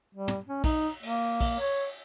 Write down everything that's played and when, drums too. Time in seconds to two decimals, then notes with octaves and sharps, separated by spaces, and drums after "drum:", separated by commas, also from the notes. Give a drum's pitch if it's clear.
0.15 G3
0.28 drum: tom
0.49 C#4
0.64 D#4, drum: kick A#1, cymbal
1.03 A#3, drum: cymbal
1.41 drum: kick A#1, cymbal
1.60 C#5